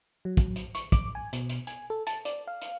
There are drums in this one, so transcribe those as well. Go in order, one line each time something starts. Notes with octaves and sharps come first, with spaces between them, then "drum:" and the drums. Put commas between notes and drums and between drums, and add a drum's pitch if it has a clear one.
F#3
drum: kick, hi-hat
drum: hi-hat
C#6, drum: hi-hat
D6, drum: kick, hi-hat
G#5
B2, drum: hi-hat
drum: hi-hat
G#5, drum: hi-hat
A4
A5, drum: hi-hat
D5, drum: hi-hat
F5
drum: hi-hat